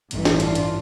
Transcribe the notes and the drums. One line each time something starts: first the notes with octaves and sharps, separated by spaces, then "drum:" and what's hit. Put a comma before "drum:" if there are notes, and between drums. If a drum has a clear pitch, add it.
A1 G2 E3, drum: hi-hat
drum: snare
D4 F4, drum: hi-hat
drum: hi-hat